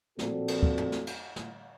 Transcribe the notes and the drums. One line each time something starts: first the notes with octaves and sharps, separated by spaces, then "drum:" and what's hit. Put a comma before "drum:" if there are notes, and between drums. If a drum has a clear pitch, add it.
A#2 F3 C4 F#4 A4 D5, drum: snare
drum: cymbal
drum: kick
drum: tom
drum: snare
drum: cymbal
drum: snare